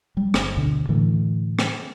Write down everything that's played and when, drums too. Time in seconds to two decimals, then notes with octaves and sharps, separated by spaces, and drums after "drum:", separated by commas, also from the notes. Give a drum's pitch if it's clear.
0.17 F#3 G3
0.34 G1, drum: rim click
0.57 D2 B2 D3
0.89 A2 D3 E3 A3
1.59 drum: rim click